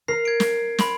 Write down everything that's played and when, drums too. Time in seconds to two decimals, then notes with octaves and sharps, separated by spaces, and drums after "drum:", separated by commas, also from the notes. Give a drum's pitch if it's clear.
0.08 A#4 C7
0.25 G#6 D7
0.40 drum: snare
0.78 B5 C6 D7, drum: snare